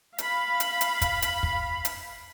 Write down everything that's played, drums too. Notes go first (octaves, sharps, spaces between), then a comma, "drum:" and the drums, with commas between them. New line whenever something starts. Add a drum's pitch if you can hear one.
F5 B5, drum: hi-hat
drum: hi-hat
drum: hi-hat
drum: kick, hi-hat
drum: hi-hat
drum: kick
drum: hi-hat